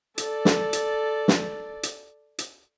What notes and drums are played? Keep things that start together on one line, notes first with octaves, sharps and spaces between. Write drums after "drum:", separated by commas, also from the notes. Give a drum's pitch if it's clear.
A4 D5, drum: hi-hat
drum: snare
drum: hi-hat
drum: snare
drum: hi-hat
drum: hi-hat